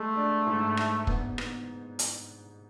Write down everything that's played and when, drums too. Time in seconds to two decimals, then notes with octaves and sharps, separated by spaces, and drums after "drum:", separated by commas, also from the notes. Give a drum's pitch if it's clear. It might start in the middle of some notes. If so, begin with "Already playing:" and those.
Already playing: G#3 A3
0.16 D4
0.46 G#2
0.77 G#2, drum: rim click
1.07 B3, drum: kick
1.38 B3, drum: rim click
1.99 drum: hi-hat